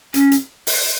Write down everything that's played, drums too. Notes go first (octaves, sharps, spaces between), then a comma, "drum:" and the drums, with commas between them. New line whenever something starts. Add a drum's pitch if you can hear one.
C#4, drum: hi-hat
drum: hi-hat
drum: open hi-hat